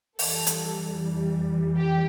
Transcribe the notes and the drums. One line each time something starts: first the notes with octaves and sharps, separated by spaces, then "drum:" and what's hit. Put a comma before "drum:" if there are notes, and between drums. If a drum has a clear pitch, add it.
F2 E3 G3 A4, drum: open hi-hat
drum: hi-hat
G4